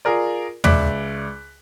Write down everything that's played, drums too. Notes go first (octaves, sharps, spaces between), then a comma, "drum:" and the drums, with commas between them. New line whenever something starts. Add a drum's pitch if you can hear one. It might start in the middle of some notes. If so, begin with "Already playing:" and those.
F4 G#4 A#4 D5
C#2 D5 E5 D6 F#6 B6, drum: tom